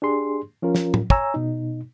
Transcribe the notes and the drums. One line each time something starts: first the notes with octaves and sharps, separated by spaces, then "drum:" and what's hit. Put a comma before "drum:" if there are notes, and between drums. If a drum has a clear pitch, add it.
D4 G4 G#4 C6
F3 C#4 F4 A#4
drum: snare
drum: tom
C#5 G#5 A#5 E6, drum: kick
B2 D#4